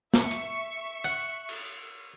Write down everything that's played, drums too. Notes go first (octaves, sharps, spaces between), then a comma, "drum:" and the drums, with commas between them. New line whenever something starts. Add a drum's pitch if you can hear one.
E5 C#6, drum: snare
drum: hi-hat
F#5, drum: hi-hat
drum: cymbal